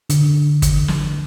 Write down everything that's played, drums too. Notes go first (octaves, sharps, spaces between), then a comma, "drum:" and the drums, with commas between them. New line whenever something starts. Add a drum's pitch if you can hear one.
D3, drum: hi-hat
drum: kick, hi-hat
drum: snare